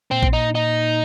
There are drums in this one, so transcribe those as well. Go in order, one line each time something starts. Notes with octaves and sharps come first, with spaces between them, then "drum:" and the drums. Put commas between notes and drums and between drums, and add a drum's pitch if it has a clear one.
A#2 C4
drum: kick A#1
D#4
D#4